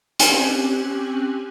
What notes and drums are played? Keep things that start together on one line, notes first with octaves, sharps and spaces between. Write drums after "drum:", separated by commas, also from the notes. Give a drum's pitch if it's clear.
C4 C#4 G4 G#5 F#6, drum: hi-hat